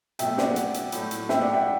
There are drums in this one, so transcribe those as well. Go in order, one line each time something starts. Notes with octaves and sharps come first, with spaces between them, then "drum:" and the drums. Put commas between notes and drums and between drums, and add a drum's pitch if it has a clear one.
B2 F#3 A3 E5 G5, drum: hi-hat
D5 F#5, drum: snare
drum: hi-hat
drum: hi-hat
A2 F#3 A3, drum: hi-hat
drum: hi-hat
E5 G5, drum: snare
D5 F#5
E5 G5